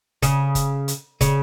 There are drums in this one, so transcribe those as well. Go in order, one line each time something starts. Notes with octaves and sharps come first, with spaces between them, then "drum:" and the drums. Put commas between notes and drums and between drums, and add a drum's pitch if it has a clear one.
C#3, drum: kick, hi-hat
drum: kick, hi-hat
drum: hi-hat
C#3, drum: kick, hi-hat